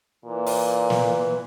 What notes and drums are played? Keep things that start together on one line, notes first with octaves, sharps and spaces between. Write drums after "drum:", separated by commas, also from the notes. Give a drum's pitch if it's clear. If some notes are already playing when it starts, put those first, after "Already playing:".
A#2 E3
drum: open hi-hat
drum: snare